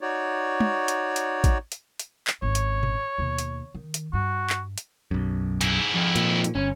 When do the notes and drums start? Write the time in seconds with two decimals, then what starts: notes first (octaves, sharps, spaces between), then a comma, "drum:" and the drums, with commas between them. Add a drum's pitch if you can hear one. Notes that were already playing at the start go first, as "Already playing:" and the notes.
0.01 D#4 F#4 C#5 D5
0.60 drum: tom
0.88 drum: hi-hat
1.16 drum: hi-hat
1.44 drum: kick, hi-hat
1.72 drum: hi-hat
1.99 drum: hi-hat
2.27 drum: clap
2.42 G#1 C#4 C#5
2.55 drum: hi-hat
2.83 drum: tom A#2
3.18 D#2 B2
3.39 drum: hi-hat
3.74 D#3
3.94 drum: hi-hat
4.13 G2 F#4
4.50 drum: clap
4.78 drum: hi-hat
5.11 B1 F#2
5.61 G#2 E4, drum: hi-hat
5.95 F2
6.16 A#2, drum: hi-hat
6.44 drum: hi-hat
6.55 G1 C#4